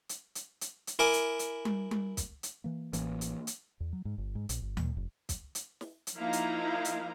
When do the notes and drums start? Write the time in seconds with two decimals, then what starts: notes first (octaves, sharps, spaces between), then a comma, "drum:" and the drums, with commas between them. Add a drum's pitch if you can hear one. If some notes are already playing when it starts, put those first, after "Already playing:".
0.09 drum: hi-hat
0.35 drum: hi-hat
0.61 drum: hi-hat
0.87 drum: hi-hat
0.99 E4 A#4 G#5 D6
1.13 drum: hi-hat
1.39 drum: hi-hat
1.65 drum: tom G3
1.91 drum: tom G3
2.17 drum: kick, hi-hat
2.43 drum: hi-hat
2.64 E3 A#3
2.93 A1 E3 A#3, drum: hi-hat
3.21 drum: hi-hat
3.47 drum: hi-hat
3.80 E2
3.93 F#3
4.05 G#2
4.18 G1
4.35 G#2
4.49 A#1, drum: hi-hat
4.62 G1
4.77 A#2, drum: tom D2
4.97 F1
5.29 drum: kick, hi-hat
5.55 drum: hi-hat
5.81 drum: snare
6.07 drum: hi-hat
6.18 F3 A#3 D#4 E4 F5 A#5
6.33 drum: hi-hat
6.85 drum: hi-hat